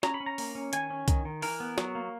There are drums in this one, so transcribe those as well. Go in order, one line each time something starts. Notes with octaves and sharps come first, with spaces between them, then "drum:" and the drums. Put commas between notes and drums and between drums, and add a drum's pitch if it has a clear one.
C#4 A#5, drum: snare
B5
C#4
A#5
A#3, drum: open hi-hat
C#4
D#3 G#5, drum: hi-hat
C#4
D#3, drum: kick C2, hi-hat
D#3
E3 A#4, drum: open hi-hat
B3
F#3, drum: snare
A#3